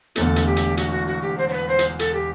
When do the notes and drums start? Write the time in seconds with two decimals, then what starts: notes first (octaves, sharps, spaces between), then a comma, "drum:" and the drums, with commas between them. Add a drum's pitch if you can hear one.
0.15 E1 E2 D3 A3 A4, drum: hi-hat
0.36 drum: hi-hat
0.46 G4
0.56 drum: hi-hat
0.77 F#4, drum: hi-hat
0.92 F#4
1.07 F#4
1.22 G4
1.38 C5
1.49 C5
1.53 B4
1.68 C5
1.79 drum: hi-hat
1.99 A4, drum: hi-hat
2.14 G4